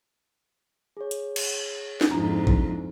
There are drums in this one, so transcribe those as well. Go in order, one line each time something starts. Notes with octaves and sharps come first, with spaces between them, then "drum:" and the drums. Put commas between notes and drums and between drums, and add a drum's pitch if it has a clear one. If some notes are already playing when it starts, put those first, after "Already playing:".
G#4 C#5
drum: hi-hat
drum: cymbal
drum: snare
F2 G#2 D4 E4 A#5
drum: kick